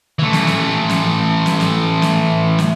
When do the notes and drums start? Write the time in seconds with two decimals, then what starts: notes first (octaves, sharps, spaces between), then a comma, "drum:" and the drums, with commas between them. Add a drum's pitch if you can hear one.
0.19 E3 A3
0.33 drum: snare
0.47 drum: snare
0.89 drum: snare
1.46 drum: snare
1.60 drum: snare
2.02 drum: snare
2.58 drum: snare